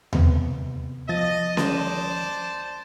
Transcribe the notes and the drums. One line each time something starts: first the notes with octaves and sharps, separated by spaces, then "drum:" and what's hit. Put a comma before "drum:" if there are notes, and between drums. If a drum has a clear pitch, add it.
C3 B3, drum: tom D#2
C2 F3 D#5 A6
C5 D5 A5, drum: snare C#4